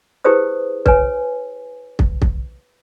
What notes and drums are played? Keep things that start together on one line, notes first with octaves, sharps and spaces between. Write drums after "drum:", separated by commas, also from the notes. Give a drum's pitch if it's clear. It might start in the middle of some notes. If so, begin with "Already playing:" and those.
E4 G4 G#4 B4 C5 D#6
B4 C#5 G#5, drum: kick
drum: kick
drum: kick